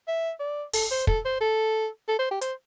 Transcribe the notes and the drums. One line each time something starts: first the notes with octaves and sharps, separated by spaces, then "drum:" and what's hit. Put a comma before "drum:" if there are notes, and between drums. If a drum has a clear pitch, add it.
E5
D5
A4, drum: open hi-hat
C5
A4, drum: kick
C5
A4
A4
C5
G4
C5, drum: hi-hat